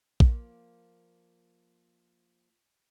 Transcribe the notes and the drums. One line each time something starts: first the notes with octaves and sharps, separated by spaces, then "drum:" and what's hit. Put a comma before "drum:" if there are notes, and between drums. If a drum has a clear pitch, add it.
F3 A#3 D5, drum: kick